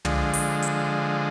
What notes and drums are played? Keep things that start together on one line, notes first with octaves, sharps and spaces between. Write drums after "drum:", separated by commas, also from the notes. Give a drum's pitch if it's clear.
D3 F3 G#3, drum: tom
drum: open hi-hat
drum: hi-hat